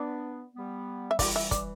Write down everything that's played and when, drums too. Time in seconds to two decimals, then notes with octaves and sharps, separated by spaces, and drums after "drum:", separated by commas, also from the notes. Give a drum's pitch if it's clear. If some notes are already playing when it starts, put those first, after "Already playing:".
Already playing: B3 D4 D5
0.55 G3 B3
1.11 E5
1.19 E3 G3 D5, drum: kick, open hi-hat
1.36 E5
1.51 D5, drum: kick, hi-hat